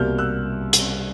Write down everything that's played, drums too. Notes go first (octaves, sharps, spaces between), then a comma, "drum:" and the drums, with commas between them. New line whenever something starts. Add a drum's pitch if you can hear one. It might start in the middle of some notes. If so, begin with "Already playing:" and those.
Already playing: C2 B2 G3 A#3 F6 G6
E6 F#6
drum: hi-hat